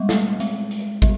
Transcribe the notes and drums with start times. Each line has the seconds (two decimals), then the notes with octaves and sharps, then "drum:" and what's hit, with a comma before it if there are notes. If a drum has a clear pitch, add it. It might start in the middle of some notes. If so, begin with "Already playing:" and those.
Already playing: G3 G#3
0.09 A3, drum: snare
0.40 G#3, drum: hi-hat
0.71 drum: hi-hat
1.02 G3, drum: kick, hi-hat